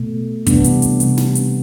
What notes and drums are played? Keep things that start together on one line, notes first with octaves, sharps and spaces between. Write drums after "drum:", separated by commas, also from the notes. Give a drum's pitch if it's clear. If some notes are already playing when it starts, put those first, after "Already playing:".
Already playing: B2 A3
C3 E3 G3 B3 D4, drum: kick, hi-hat
drum: hi-hat
drum: hi-hat
C3 G3, drum: hi-hat
drum: snare
drum: hi-hat